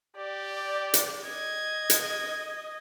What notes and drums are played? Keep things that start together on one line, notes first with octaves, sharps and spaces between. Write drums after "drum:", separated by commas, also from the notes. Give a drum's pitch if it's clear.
G4 D5
drum: hi-hat
D#5 G#6
drum: hi-hat